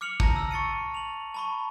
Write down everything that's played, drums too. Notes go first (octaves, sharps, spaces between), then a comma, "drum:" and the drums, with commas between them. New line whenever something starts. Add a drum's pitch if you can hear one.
D6 F6 C#7 F7 F#7
A5 A#5 A#6, drum: kick
E6 F6
C#6 A6 C#7 D#7
F7 F#7
A5 B5 C#6